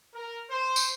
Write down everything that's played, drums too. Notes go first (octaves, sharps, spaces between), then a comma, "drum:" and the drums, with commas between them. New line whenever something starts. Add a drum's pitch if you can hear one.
A#4
C5
drum: tambourine